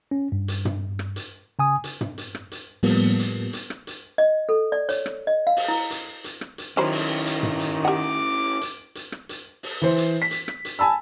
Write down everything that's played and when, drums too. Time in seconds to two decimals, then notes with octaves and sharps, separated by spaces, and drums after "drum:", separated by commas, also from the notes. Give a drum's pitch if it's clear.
0.11 C#4
0.32 G2
0.48 drum: hi-hat
0.65 drum: tom
0.99 drum: rim click
1.16 drum: hi-hat
1.59 C#3 G#5 D#6
1.84 drum: hi-hat
2.01 drum: tom
2.18 drum: hi-hat
2.35 drum: rim click
2.52 drum: hi-hat
2.83 A2 F3 G3 A#3 B3, drum: open hi-hat
3.19 drum: hi-hat
3.53 drum: hi-hat
3.70 drum: rim click
3.87 drum: hi-hat
4.18 D#5
4.49 A4
4.72 D5
4.89 C#5, drum: hi-hat
5.06 drum: rim click
5.27 D#5
5.47 F5
5.56 drum: open hi-hat
5.68 E4
5.90 drum: hi-hat
6.24 drum: hi-hat
6.41 drum: rim click
6.58 drum: hi-hat
6.77 D#3 F#3 C#4 E4 C5 B5
6.92 drum: open hi-hat
7.26 drum: hi-hat
7.43 drum: tom
7.60 drum: hi-hat
7.85 G4 F#5 D6
8.61 drum: hi-hat
8.95 drum: hi-hat
9.12 drum: rim click
9.29 drum: hi-hat
9.63 drum: open hi-hat
9.82 E3 C5
9.97 drum: hi-hat
10.22 B6
10.31 drum: hi-hat
10.48 drum: rim click
10.65 drum: hi-hat
10.79 G#5 A5 B5 E6